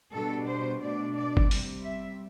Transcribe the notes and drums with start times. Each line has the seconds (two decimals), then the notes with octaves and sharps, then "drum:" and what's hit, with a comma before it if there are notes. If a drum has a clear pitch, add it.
0.12 B2 G3 D4 A4
0.47 C5
0.81 B2 A3 D4 D5
1.16 D5
1.37 drum: kick G1
1.51 C3 G3 C4, drum: open hi-hat
1.85 E5